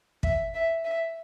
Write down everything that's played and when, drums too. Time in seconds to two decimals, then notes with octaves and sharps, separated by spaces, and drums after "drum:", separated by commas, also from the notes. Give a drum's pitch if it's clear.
0.23 E5, drum: kick
0.54 E5
0.84 E5